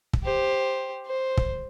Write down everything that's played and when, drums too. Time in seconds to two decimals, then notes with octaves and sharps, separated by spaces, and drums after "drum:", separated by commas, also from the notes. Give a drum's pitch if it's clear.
0.13 drum: kick
0.23 G4 C5
1.06 C5
1.37 drum: kick